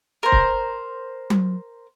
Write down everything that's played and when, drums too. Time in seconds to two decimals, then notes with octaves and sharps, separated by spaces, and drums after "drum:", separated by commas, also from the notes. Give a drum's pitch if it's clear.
0.23 A#4 C5
0.32 drum: kick C#1
1.30 drum: tom F#3